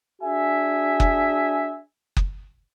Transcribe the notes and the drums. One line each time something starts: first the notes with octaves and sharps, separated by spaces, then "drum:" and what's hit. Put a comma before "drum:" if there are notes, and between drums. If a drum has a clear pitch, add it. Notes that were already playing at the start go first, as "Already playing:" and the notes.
D4 F#4 G#4 E5 G#5
drum: kick F#1
drum: kick F#1